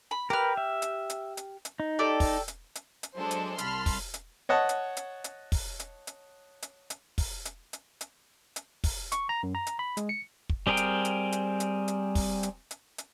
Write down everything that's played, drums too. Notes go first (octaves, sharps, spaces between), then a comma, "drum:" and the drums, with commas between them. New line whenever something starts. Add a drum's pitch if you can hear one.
B5
G4 A#4 B4 F6
E5
drum: hi-hat
drum: hi-hat
drum: hi-hat
drum: hi-hat
D#4
G4 A4 D5
drum: kick, open hi-hat
drum: hi-hat
drum: hi-hat
drum: hi-hat
F#3 G#3 D4 A4 C5
drum: hi-hat
C2 A5 B5 C6 F6, drum: hi-hat
drum: kick, open hi-hat
drum: hi-hat
C#5 D#5 F#5 A5
drum: hi-hat
drum: hi-hat
drum: hi-hat
drum: kick, open hi-hat
drum: hi-hat
drum: hi-hat
drum: hi-hat
drum: hi-hat
drum: kick, open hi-hat
drum: hi-hat
drum: hi-hat
drum: hi-hat
drum: hi-hat
drum: kick, open hi-hat
C#6, drum: hi-hat
A#5
F#2
A#5
drum: hi-hat
B5
G#3, drum: hi-hat
C#7
drum: kick
G3 C4 G#4 A#4 G5
drum: hi-hat
drum: hi-hat
drum: hi-hat
drum: hi-hat
drum: hi-hat
drum: kick, open hi-hat
drum: hi-hat
drum: hi-hat
drum: hi-hat